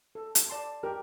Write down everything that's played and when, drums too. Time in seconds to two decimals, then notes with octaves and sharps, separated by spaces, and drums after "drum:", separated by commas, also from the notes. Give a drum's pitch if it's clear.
0.15 A4
0.35 drum: hi-hat
0.50 D5 A5 C6
0.83 G4 A#4